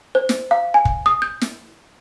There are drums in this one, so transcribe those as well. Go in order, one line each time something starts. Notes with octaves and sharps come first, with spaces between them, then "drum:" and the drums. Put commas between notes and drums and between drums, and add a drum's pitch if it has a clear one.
C5
drum: snare
F5
G#5
drum: kick
D#6
G6
drum: snare